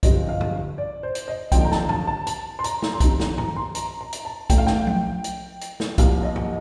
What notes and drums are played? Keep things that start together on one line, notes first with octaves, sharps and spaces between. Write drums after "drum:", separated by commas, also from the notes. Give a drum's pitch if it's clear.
G1 F2 C3 G3 C4 D#5, drum: kick B1, hi-hat
F5
drum: tom G2
D5
C5
drum: hi-hat
D#5
D#2 D3 F3 C4 G5, drum: kick B1, hi-hat
A#5
A5, drum: snare
A5, drum: tom G2
A5
A5, drum: hi-hat
C6
A#5, drum: hi-hat
drum: snare
C6
F2 D#3 G3 C4 A#5, drum: kick B1, hi-hat
drum: snare
A#5, drum: tom G2
C6
A#5, drum: hi-hat
A#5
drum: hi-hat
A5
A1 A2 A3 G5, drum: kick B1, hi-hat
F5
G5, drum: snare
drum: tom F3
drum: hi-hat
drum: hi-hat
drum: snare
C2 C3 F3 A#3 F5, drum: kick B1, hi-hat
D#5
drum: tom G2